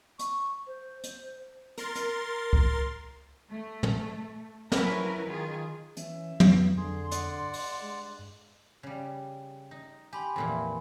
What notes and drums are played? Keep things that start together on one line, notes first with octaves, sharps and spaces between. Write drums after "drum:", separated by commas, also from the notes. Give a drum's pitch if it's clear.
C#6, drum: hi-hat
C5
drum: hi-hat
A#4 C6 A6, drum: hi-hat
drum: hi-hat
drum: kick C#2
A3
drum: tom
F3 F#3 C#4 E4 A#4 B4, drum: snare
D#3 F4 G#4
E3 C#4 E5, drum: hi-hat
F2 B3, drum: tom
F2 D3 G#4 C6
D5 F#5, drum: hi-hat
G2
drum: open hi-hat
G#3
C#3 G3
D#4
G4 G#5 B5 C6
F2 A#2 E3